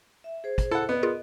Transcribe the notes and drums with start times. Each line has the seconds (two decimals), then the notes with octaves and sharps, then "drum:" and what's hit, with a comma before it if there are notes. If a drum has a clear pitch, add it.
0.24 E5
0.44 G#4 C5
0.58 drum: kick, hi-hat
0.71 E4 A4 F#5
0.89 B3 D5 D#5
1.03 F4 G#4 A#4